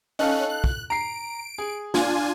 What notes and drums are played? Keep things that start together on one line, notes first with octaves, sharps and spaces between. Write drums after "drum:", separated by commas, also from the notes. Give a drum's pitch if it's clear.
C#4 D#4 A4 F5 F#6
F#6
drum: kick
A#5 C7 D7
G#4
D4 F4 G#5, drum: snare